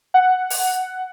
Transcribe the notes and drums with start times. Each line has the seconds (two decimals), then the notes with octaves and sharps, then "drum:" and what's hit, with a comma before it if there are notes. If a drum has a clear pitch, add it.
0.14 F#5
0.50 drum: open hi-hat